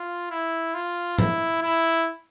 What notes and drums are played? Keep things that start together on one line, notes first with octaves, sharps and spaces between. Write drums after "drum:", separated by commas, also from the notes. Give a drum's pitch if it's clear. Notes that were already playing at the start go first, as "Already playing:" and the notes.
Already playing: F4
E4
F4
E4, drum: tom G#2
E4